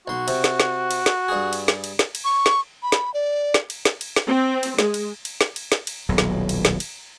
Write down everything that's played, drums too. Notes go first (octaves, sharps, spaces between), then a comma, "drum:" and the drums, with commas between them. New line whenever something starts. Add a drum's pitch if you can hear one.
B1 F#4 C6
C3, drum: cymbal
drum: snare
drum: snare
drum: cymbal
drum: snare
G2 G#4
drum: cymbal
drum: snare
drum: cymbal
drum: snare
drum: cymbal
C#6
drum: snare
B5
drum: snare
D5
drum: snare
drum: cymbal
drum: snare
drum: cymbal
drum: snare
C4
drum: cymbal
G#3, drum: snare
drum: cymbal
drum: cymbal
drum: snare
drum: cymbal
drum: snare
drum: cymbal
D#1 B1 F#3
drum: snare
drum: cymbal
drum: snare
drum: cymbal